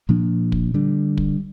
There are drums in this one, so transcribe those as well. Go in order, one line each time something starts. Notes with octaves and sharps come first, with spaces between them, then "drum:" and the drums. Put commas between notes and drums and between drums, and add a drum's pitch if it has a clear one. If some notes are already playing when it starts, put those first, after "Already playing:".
A#2 F3 A#3 D4
drum: kick
D3 G3 D4
drum: kick